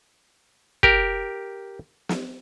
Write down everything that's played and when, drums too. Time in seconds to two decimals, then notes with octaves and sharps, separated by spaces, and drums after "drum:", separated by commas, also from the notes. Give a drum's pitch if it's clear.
0.83 G4 A#4, drum: kick
2.09 drum: snare